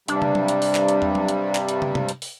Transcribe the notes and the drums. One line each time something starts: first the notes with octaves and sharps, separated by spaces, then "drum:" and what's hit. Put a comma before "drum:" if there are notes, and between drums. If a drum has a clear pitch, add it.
G2 C3 G3 D4, drum: hi-hat
drum: tom
drum: tom F#3
drum: hi-hat
drum: open hi-hat
drum: clap
drum: hi-hat
drum: tom
drum: tom F#3
drum: hi-hat
drum: clap
drum: hi-hat
drum: tom
drum: tom C3
drum: hi-hat
drum: open hi-hat